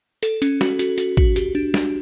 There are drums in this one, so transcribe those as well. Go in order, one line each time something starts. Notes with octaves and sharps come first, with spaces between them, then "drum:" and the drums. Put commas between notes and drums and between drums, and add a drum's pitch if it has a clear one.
A4, drum: hi-hat
C#4, drum: hi-hat
F#4, drum: snare
F#4, drum: hi-hat
F#4, drum: hi-hat
F#4, drum: kick
G4, drum: hi-hat
D4
D4, drum: snare